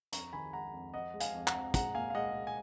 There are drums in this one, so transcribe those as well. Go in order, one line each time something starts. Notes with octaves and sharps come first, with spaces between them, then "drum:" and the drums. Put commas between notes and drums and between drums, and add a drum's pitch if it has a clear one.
F2 A#5 C#6, drum: hi-hat
D#3 G#5 B5
G#3 F#5 A#5
F2
F3 D#5 F#5
G#3
F5 G#5, drum: hi-hat
F2
F#5 A#5, drum: clap
F2
G#3 F#5 A#5, drum: kick, hi-hat
A#2 F5 G#5
F5
G#3 D#5 F#5
G#3
G#5